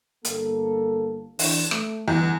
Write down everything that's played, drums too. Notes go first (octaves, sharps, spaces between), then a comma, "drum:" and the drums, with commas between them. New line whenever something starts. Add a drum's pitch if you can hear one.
G1 A#3 A4, drum: hi-hat
E3 D4, drum: open hi-hat
A3, drum: rim click
G1 E2 G#3